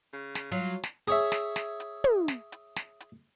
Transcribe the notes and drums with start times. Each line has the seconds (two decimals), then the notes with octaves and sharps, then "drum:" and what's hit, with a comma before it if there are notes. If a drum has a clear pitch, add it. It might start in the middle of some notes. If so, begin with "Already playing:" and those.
0.13 C#3
0.35 drum: snare
0.52 F#3 F4
0.83 drum: snare
1.08 G#4 C#5 E5, drum: hi-hat
1.32 drum: snare
1.56 drum: snare
1.80 drum: hi-hat
2.04 drum: tom
2.28 drum: snare
2.52 drum: hi-hat
2.76 drum: snare
3.00 drum: hi-hat